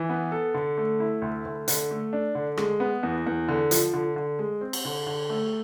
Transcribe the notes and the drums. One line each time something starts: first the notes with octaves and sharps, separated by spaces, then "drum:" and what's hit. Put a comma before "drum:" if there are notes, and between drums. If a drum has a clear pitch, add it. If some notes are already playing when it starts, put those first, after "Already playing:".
Already playing: E3
B3
A4
D3
A3
E4
D2
D2
D3, drum: hi-hat
A3
D4
D3
G#3, drum: rim click
B3
E2
E2
D3
F3, drum: hi-hat
D3
D3
G#3
C4
drum: cymbal
D3
D3
A3